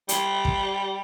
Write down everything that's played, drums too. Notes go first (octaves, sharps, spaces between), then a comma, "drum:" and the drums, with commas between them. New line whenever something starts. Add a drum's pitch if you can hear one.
G3, drum: hi-hat
drum: kick